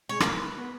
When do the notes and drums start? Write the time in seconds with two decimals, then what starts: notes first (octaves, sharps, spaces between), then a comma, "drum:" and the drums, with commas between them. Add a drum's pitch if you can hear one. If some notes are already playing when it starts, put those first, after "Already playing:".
0.09 G#3 C#5
0.20 A#3 B4, drum: rim click
0.56 B3